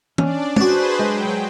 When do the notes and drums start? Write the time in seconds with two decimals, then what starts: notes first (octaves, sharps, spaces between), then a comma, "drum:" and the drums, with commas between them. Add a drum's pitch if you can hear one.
0.18 C#4 D4 D5, drum: tom
0.56 D4 F#4 G#4 B4 C5, drum: tom
0.99 F#3 G#3 G5